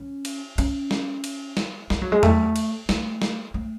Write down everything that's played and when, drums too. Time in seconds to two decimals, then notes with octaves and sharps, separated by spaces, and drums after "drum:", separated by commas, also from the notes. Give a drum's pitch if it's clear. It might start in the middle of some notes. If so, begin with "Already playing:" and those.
Already playing: C#4
0.25 drum: cymbal
0.58 C#4, drum: cymbal
0.91 drum: snare
1.24 drum: cymbal
1.57 drum: snare
1.90 B3, drum: snare
2.02 F#3
2.12 G#3
2.23 A3, drum: tom E2
2.56 drum: cymbal
2.89 A3, drum: snare
3.22 drum: snare
3.54 A3